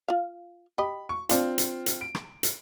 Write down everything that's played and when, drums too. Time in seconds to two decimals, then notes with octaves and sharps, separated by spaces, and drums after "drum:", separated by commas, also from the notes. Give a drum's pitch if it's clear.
0.08 F4 F5
0.78 G4 D#5 B5
1.09 C#6
1.29 F3 C4 D4 F4, drum: hi-hat
1.58 drum: hi-hat
1.86 drum: hi-hat
2.01 D7
2.15 drum: rim click
2.43 drum: hi-hat